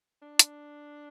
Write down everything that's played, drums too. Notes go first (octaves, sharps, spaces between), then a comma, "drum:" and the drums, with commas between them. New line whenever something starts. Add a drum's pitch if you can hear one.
D4
drum: hi-hat